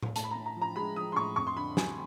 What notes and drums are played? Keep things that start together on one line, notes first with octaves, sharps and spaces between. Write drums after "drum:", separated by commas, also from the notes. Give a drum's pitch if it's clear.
drum: tom A2
A2 A5, drum: hi-hat
B5
A2 A#5
A#5
F3
A#5
G#3 B5
F3 D#6
C6
A2 C#6
F2 C#6
C6
D3 B5
D3 G#5, drum: snare